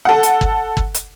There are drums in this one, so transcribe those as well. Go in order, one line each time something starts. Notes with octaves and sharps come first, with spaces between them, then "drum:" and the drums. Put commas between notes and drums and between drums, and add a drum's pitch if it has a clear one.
A4 F#5
drum: hi-hat
drum: kick
drum: kick
drum: hi-hat